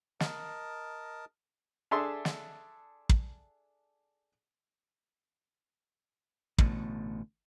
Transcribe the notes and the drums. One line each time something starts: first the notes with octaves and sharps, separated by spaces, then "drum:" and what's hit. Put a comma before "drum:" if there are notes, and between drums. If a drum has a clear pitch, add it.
A#4 D#5 A5, drum: snare
D4 G#4 A4 E5 A5 C6
drum: snare
drum: kick
A1 B2 D3 A3, drum: kick